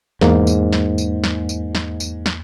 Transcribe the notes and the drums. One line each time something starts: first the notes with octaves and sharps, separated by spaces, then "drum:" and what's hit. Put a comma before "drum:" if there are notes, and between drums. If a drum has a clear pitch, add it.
E2 G#2 A#3, drum: snare
drum: tambourine
drum: snare
drum: tambourine
drum: snare
drum: tambourine
drum: snare
drum: tambourine
drum: snare